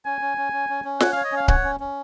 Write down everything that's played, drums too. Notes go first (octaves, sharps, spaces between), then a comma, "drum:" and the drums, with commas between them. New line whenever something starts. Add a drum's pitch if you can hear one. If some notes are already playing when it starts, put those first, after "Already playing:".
C#4 G#5
C#4
C#4
C#4
C#4
C#4
C#5 F#5, drum: snare
C#5 F5
D#5
C#4
F5
C#5 F#5, drum: kick C#1
C#4
C#4